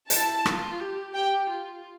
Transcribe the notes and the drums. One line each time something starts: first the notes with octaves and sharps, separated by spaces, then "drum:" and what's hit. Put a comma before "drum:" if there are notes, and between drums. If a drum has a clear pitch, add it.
E4 A5, drum: hi-hat
F4, drum: rim click
G4
G4 G5
F4